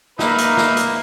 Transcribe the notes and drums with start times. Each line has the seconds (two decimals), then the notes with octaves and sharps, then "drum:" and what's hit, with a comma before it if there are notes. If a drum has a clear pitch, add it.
0.19 A#3 D#4 B4 E5, drum: snare
0.38 drum: hi-hat
0.57 drum: snare
0.77 drum: hi-hat